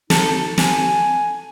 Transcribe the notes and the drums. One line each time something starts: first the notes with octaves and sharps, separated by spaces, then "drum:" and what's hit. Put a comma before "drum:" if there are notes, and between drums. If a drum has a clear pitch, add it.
D#4 A4, drum: snare
G#5, drum: snare